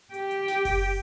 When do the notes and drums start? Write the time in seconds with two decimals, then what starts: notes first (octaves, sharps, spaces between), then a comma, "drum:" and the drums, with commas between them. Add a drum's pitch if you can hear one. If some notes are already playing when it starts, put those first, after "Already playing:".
0.14 G4 G5, drum: hi-hat
0.31 drum: hi-hat
0.48 drum: snare
0.65 drum: kick F#1, open hi-hat